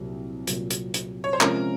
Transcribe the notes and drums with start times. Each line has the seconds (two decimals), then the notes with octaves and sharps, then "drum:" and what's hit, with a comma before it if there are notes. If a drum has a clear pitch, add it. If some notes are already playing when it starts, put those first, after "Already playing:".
Already playing: C2 A#2 F#3
0.47 C2 A#2 F#3, drum: hi-hat
0.70 drum: hi-hat
0.94 drum: hi-hat
1.24 C#5
1.33 C5
1.41 C3 F3 G#3 C#4 A#4, drum: clap